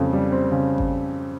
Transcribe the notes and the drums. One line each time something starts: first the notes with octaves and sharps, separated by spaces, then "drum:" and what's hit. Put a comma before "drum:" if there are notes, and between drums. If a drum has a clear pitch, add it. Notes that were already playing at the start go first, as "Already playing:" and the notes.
Already playing: F2 C#3 G3 C4
G3
C4
C#3
drum: kick G#1